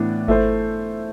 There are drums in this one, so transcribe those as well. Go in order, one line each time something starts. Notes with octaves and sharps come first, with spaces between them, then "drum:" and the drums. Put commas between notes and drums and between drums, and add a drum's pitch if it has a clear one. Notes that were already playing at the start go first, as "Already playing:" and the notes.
Already playing: A2 E3 B3 D4
A3 E4 A4 C5, drum: kick G1